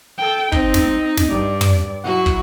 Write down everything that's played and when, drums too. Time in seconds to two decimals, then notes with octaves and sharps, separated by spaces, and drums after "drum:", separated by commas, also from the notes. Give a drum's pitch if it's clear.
0.18 A4 G5
0.52 C4 D#4, drum: kick
0.74 drum: snare
1.17 drum: snare
1.29 G2 D5
1.61 drum: tom
2.04 F#3 E4 F#4 F#5
2.26 drum: kick